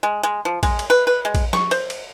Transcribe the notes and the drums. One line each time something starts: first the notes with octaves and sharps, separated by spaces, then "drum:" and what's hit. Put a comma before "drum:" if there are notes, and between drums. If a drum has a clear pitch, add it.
G#3
G#3
F3
G#3, drum: kick A#1, cymbal
drum: cymbal
B4
B4
G#3
drum: kick A#1, cymbal
C#6, drum: snare
C5, drum: cymbal
drum: cymbal